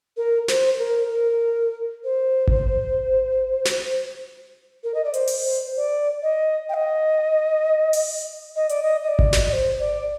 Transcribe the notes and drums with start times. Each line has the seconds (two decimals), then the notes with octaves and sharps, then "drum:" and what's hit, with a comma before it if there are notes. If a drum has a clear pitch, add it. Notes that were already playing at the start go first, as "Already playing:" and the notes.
0.17 A#4
0.48 C5, drum: snare
0.79 A#4
1.10 A#4
2.04 C5
2.48 drum: kick G#1
3.65 drum: snare
4.84 A#4
4.94 D#5
5.04 D5
5.14 C5, drum: hi-hat
5.27 drum: open hi-hat
5.45 C5
5.76 D5
6.22 D#5
6.69 G5
6.74 D#5
7.93 drum: open hi-hat
8.56 D#5
8.69 D5, drum: hi-hat
8.83 D#5
9.03 D#5
9.08 D5
9.19 drum: kick G#1
9.33 drum: snare
9.49 D5
9.53 C5
9.80 D5